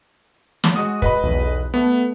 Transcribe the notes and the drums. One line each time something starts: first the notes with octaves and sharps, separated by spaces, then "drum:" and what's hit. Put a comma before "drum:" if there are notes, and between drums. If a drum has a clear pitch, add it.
drum: snare
G#3 F#4 D#6
B4 D#5 B5, drum: kick
B1 E2
A3 B3